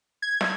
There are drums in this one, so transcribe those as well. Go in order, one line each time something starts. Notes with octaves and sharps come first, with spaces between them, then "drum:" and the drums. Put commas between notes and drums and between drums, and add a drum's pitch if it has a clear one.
G#6
drum: snare